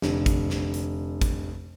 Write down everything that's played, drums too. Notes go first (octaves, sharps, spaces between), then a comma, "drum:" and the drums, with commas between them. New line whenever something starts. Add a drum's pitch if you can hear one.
F1 D3, drum: snare
drum: kick, hi-hat
drum: snare
drum: hi-hat
drum: kick, hi-hat